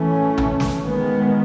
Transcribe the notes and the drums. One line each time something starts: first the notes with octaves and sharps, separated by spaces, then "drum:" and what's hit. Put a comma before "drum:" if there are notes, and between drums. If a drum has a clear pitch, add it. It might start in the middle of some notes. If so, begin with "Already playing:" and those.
Already playing: E3 A3 C#4
drum: tom A#1
drum: snare
D#3 G#3 B3